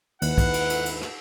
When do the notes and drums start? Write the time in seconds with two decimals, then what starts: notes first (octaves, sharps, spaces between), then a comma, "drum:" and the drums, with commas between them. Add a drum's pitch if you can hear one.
0.22 D#2 G#2 E4 B4 F#5 F#6, drum: cymbal
0.38 drum: kick, cymbal
0.54 drum: cymbal
0.70 drum: cymbal
0.86 drum: cymbal
1.02 drum: rim click